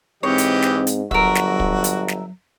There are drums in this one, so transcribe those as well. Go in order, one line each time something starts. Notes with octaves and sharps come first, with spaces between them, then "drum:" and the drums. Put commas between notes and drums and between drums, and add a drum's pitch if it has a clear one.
G#2 E3 C4 G4 C#5 D#5
drum: hi-hat
drum: snare
drum: hi-hat
G1 F#3 F#4 A#4 E5, drum: kick
drum: snare
drum: kick
drum: hi-hat
drum: snare